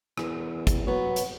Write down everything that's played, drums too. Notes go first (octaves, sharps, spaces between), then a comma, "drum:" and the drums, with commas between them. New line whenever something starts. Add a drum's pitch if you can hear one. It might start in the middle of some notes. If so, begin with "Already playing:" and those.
E2, drum: rim click
drum: kick, hi-hat
F#3 B3 C#5
drum: hi-hat